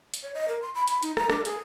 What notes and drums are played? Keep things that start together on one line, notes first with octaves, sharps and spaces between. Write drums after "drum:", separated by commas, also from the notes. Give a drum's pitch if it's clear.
drum: hi-hat
C#5
D#5
A#4
C6
B5
B5, drum: hi-hat
D#4, drum: hi-hat
A#5, drum: rim click
D4, drum: rim click
G#4, drum: hi-hat